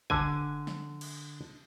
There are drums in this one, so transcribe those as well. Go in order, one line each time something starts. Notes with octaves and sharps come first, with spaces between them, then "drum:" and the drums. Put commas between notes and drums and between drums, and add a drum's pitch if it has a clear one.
D3 G#5, drum: kick
drum: snare
drum: cymbal